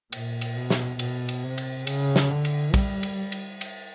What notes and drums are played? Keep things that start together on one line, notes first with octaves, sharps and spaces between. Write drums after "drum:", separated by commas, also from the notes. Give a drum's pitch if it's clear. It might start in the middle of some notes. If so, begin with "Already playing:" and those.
A#2, drum: cymbal
drum: cymbal
B2
drum: snare
B2, drum: cymbal
drum: cymbal
C3
drum: cymbal
C#3, drum: cymbal
drum: snare
D3
drum: cymbal
G3, drum: kick A#1, cymbal
drum: cymbal
drum: cymbal
drum: cymbal